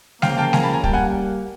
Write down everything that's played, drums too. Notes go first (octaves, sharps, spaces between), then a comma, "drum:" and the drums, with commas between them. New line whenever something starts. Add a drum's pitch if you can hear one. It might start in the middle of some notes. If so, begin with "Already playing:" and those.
C#3 F3 A#3 F5 G5, drum: snare
G5 A5
G#5 A#5, drum: snare
A5 B5
G#5 A#5
G3 A#3 G5 A5, drum: kick
F#5 G#5